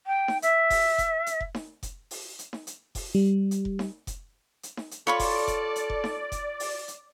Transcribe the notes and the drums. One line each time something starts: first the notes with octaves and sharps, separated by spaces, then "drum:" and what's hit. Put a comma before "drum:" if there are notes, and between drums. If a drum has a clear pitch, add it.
G5
drum: snare D#4
E5, drum: hi-hat
drum: kick F1, open hi-hat
drum: kick F1, hi-hat
drum: hi-hat
drum: kick F1
drum: snare D#4
drum: kick F1, hi-hat
drum: open hi-hat
drum: hi-hat
drum: snare D#4
drum: hi-hat
drum: kick F1, open hi-hat
G3
drum: hi-hat
drum: kick F1
drum: snare D#4
drum: kick F1, hi-hat
drum: hi-hat
drum: snare D#4
drum: hi-hat
F4 A4 C#5 D5 B5 C#6
drum: kick F1, open hi-hat
drum: kick F1, hi-hat
drum: hi-hat
drum: kick F1
drum: snare D#4
drum: kick F1, hi-hat
drum: open hi-hat
drum: hi-hat